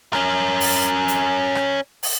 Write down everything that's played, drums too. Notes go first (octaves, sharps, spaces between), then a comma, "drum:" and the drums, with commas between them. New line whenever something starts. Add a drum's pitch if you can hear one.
C#4 A#4, drum: rim click
drum: open hi-hat
drum: hi-hat
drum: rim click
drum: open hi-hat